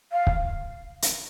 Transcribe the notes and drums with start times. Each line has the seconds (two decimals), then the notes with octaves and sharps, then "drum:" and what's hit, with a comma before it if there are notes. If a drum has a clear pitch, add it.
0.12 F5
0.27 drum: kick
1.02 drum: hi-hat